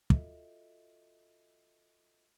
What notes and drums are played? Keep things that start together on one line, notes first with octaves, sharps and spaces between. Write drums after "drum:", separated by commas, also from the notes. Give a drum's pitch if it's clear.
F4 F#4 A4 D#5 E5, drum: kick